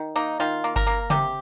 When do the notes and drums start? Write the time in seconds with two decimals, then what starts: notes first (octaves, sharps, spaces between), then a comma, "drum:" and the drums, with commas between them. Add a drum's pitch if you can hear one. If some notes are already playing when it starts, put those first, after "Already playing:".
Already playing: D#3
0.16 A#3 D#4
0.40 D#3 F4
0.64 A#3
0.76 A#4, drum: kick G1
0.87 A#3
1.10 C3 G4, drum: tom C#3